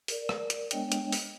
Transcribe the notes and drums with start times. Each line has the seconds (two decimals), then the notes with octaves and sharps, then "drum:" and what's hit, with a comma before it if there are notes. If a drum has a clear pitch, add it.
0.08 A#4 D5, drum: open hi-hat
0.29 drum: rim click
0.50 drum: hi-hat
0.71 G#3 B3 D4 C#5 D#5 G5, drum: hi-hat
0.92 drum: hi-hat
1.12 drum: open hi-hat